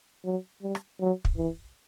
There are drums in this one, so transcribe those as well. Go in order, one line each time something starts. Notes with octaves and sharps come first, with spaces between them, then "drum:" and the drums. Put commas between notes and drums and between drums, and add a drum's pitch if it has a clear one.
F#3
G3
drum: rim click
F#3
drum: kick
E3